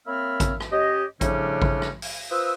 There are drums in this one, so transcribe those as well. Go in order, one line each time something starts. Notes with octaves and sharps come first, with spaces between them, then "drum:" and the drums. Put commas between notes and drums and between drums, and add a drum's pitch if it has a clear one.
A#3 C4 C#5 E5 B5 F6
drum: kick A1, hi-hat
drum: rim click
C#4 G4 C#5 D#5
A2 C#3 F3 G3 C#4 D4, drum: kick A1, hi-hat
drum: kick A1
drum: rim click
drum: open hi-hat
F4 B4 C5 D#6 E6